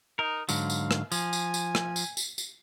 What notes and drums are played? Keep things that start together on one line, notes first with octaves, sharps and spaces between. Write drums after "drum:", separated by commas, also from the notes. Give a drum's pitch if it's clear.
D#4 A#4
G#2 D3 F#3 F5, drum: tambourine
drum: tambourine
drum: rim click
F3 G#5, drum: tambourine
drum: tambourine
drum: tambourine
drum: rim click
drum: tambourine
drum: tambourine
drum: tambourine